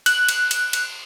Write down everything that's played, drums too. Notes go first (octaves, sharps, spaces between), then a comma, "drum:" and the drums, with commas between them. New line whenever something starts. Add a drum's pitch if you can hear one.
F#6, drum: cymbal
drum: cymbal
drum: cymbal
drum: cymbal